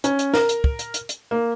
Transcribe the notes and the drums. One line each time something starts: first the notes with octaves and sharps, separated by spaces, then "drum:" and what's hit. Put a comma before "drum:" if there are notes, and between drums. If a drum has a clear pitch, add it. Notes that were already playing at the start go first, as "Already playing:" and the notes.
C#4, drum: hi-hat
drum: hi-hat
A#4, drum: snare
drum: hi-hat
drum: kick
drum: hi-hat
drum: hi-hat
drum: hi-hat
A#3